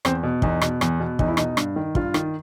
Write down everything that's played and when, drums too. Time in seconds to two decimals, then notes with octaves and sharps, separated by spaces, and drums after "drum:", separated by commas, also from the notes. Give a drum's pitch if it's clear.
0.05 E2 C4, drum: rim click
0.23 B2
0.42 E2 D#4, drum: kick
0.62 B2, drum: rim click
0.81 E2, drum: rim click
1.00 B2
1.19 E2 D#4, drum: kick
1.28 E4
1.37 B2 D#4, drum: rim click
1.57 G2, drum: rim click
1.76 D#3
1.95 G2 F4, drum: kick
2.14 D#3, drum: rim click